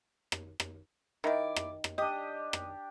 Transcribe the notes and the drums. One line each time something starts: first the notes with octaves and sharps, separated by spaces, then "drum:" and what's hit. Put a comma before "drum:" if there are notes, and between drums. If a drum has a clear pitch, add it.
drum: rim click
drum: rim click
D#3 E4 D5
drum: rim click
drum: rim click
D4 G4 D#5 D#6
drum: rim click